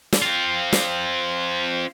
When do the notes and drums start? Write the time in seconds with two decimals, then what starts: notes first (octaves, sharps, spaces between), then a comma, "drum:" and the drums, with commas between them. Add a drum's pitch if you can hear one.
0.13 drum: snare
0.22 C4 F4
0.73 drum: snare